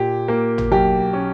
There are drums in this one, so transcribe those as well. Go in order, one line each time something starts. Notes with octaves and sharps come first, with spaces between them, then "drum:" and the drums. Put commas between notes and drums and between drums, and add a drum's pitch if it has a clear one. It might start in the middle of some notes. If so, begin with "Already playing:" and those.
Already playing: A#2 G4
A#3
drum: tom G#1
B1 G4
C#4